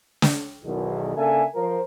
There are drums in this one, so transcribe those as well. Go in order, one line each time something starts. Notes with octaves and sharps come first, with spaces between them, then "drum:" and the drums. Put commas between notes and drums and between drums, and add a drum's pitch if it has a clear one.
drum: snare
B1 E2 B2 D#3
C#3 A#3 D4 A4 E5 G#5
F3 A#4 C5